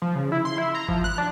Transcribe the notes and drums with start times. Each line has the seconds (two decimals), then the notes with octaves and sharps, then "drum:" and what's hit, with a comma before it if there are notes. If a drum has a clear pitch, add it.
0.02 F3
0.15 C#3
0.32 E4
0.45 C6
0.58 E4
0.75 A#5
0.88 F3, drum: kick G1
1.04 F#6
1.18 D4